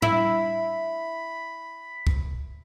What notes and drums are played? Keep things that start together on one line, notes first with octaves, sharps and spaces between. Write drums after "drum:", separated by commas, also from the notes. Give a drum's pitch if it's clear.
E4 B5, drum: tom A2
drum: kick